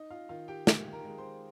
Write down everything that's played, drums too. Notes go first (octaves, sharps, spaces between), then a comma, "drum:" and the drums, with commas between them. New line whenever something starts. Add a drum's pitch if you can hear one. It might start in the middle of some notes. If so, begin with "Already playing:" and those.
Already playing: D#4 D#5
F4 F5
D#3 F4 F5
G4 G5
D#3, drum: snare
A#4 A#5
G#3
C5 C6